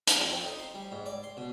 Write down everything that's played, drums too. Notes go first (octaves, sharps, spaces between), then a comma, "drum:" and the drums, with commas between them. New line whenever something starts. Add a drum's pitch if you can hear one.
D5, drum: hi-hat
F2
C4
D#4
C6
G3
G#2
D5
C6
B2